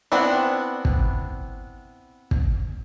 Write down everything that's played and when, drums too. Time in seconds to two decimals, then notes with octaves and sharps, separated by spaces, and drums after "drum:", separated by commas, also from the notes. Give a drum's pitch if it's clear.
0.12 B3 C4 D4 E4
0.85 drum: kick
2.31 drum: kick